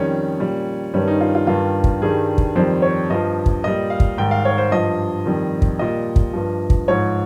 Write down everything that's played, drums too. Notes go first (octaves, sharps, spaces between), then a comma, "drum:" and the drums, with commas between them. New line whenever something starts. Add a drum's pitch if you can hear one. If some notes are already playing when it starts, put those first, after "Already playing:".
Already playing: F2 D#3 G3 C#4
A#2 G3
G2 D#3 G3 C#4
D#4
F4
F4
G2 D#3 G3 F4
drum: kick
G2 D#3 G3 G#4
drum: kick
F2 D#3 G3 C5
C#5
G2 F3 D#5
drum: kick
A#2 G3 D#5
F5
drum: kick
G#2 D#3 G3 G5
F5
C#5
C5
G2 F3 D#5
F2 D#3 G3
drum: kick
A#2 G3 D#5
drum: kick
G2 F3
drum: kick
G#2 F3 C#5